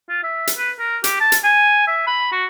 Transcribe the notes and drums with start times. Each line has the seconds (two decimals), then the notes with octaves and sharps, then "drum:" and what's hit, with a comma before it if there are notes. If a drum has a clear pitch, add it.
0.09 F4
0.24 E5
0.47 drum: hi-hat
0.58 B4
0.79 A#4
1.04 G4, drum: hi-hat
1.20 A5
1.32 drum: hi-hat
1.44 G#5
1.88 E5
2.07 B5
2.32 F#4